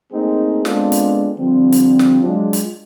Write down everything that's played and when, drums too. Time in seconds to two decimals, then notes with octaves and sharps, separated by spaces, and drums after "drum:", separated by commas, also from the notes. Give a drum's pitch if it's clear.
0.13 A3 A#3 C4 D#4 G#4
0.65 G#3 B3 C4 D4 F4 A4, drum: snare
0.92 drum: hi-hat
1.38 D3 F3 G3 C4
1.72 drum: hi-hat
1.99 drum: snare
2.22 F#3 G#3 D4 F4
2.53 drum: hi-hat